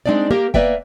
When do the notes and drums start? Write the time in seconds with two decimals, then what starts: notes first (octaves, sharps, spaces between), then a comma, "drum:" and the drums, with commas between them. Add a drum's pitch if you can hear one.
0.06 G#3 C4 D4 D#4 D5
0.31 A#3 G4 A#4
0.54 A#3 B4 D5 E5 G5, drum: kick